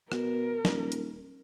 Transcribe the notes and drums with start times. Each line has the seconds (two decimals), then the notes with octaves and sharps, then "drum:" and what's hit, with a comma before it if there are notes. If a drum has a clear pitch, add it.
0.12 B2 A#4, drum: rim click
0.65 D#1, drum: snare
0.92 drum: hi-hat